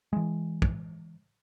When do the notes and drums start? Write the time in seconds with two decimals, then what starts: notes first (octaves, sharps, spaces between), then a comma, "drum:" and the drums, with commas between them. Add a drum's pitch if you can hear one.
0.13 E3 G#3
0.62 drum: kick